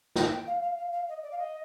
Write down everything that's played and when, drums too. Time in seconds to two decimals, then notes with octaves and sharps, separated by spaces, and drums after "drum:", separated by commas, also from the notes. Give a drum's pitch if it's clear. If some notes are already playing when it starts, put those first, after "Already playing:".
0.16 G5, drum: snare
0.31 G5
0.47 F5
0.61 F5
0.77 F5
0.92 F5
1.08 D#5
1.22 D5
1.31 F5
1.38 D#5